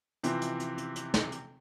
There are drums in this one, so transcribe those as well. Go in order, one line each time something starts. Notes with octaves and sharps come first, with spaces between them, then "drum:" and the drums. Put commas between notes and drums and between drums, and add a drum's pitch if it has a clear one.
C3 E3 F3 C4, drum: hi-hat
drum: hi-hat
drum: hi-hat
drum: hi-hat
drum: hi-hat
drum: snare
drum: hi-hat